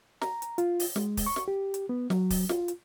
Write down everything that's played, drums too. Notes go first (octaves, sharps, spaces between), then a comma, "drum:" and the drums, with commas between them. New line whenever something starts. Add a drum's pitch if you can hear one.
A#5, drum: snare
drum: hi-hat
F4, drum: hi-hat
drum: open hi-hat
G#3, drum: snare
drum: kick, open hi-hat
C#6
drum: snare
G4
drum: hi-hat
B3
F#3, drum: snare
drum: kick, open hi-hat
F4, drum: snare
drum: hi-hat